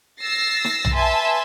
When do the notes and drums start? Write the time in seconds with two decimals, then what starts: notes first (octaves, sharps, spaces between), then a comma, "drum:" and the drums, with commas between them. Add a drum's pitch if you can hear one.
0.21 E6 A6 A#6 C7
0.64 drum: snare
0.85 drum: tom B1
0.94 B4 E5 G#5 A5 C6